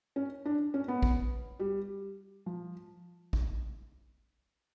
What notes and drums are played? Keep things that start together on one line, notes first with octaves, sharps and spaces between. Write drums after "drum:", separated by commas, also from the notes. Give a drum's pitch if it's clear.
C#4
D4
C#4
B3
drum: kick A#1
G3
F3
drum: kick A#1